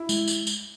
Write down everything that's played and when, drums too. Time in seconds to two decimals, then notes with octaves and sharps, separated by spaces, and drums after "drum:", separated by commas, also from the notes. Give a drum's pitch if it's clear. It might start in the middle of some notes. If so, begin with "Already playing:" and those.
Already playing: E4
0.09 G#3, drum: tambourine
0.28 drum: tambourine
0.47 drum: tambourine